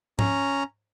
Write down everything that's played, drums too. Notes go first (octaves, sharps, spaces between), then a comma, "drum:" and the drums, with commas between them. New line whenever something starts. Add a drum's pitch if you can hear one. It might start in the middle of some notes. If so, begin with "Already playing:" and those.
C#4 A#5, drum: tom G#2